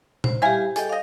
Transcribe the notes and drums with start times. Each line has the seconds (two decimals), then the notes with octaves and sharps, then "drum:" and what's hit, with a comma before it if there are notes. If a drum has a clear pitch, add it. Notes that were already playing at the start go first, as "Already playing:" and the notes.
0.24 C5, drum: tom A#2
0.42 G3 E4 G4 F5 G#5
0.76 G#4 A4 D#5 G5, drum: hi-hat
0.89 D5 D#5 F5